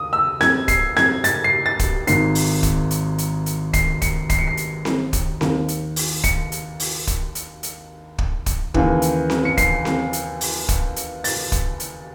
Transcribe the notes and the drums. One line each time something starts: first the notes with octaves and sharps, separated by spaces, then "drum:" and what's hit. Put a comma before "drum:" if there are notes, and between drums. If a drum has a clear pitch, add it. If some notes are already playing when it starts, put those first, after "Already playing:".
Already playing: D#2 D#6
E6
G#6, drum: snare C4
C7, drum: kick, hi-hat
G#6, drum: snare C4
A6, drum: hi-hat
C7
A6
drum: kick, hi-hat
G#1 G#2 D#3 C7, drum: hi-hat
drum: open hi-hat
drum: kick, hi-hat
drum: hi-hat
drum: hi-hat
drum: hi-hat
C7, drum: kick, hi-hat
C#7, drum: kick, hi-hat
C7, drum: kick, hi-hat
C#7
C7
drum: hi-hat
drum: snare C4
drum: kick, hi-hat
D#2 D#3, drum: snare C4
drum: hi-hat
drum: open hi-hat
C#7, drum: kick, hi-hat
drum: hi-hat
drum: open hi-hat
drum: kick, hi-hat
drum: hi-hat
drum: hi-hat
drum: kick
drum: kick, hi-hat
D#2 C#3 E3, drum: kick
drum: hi-hat
drum: snare C4
C#7
C7, drum: kick, hi-hat
drum: snare C4
drum: hi-hat
drum: open hi-hat
drum: kick, hi-hat
drum: hi-hat
A6, drum: open hi-hat
drum: kick, hi-hat
drum: hi-hat